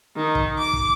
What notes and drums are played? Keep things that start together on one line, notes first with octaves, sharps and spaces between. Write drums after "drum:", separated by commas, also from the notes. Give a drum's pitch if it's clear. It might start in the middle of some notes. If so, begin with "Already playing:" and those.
D#3
drum: kick
D6
drum: kick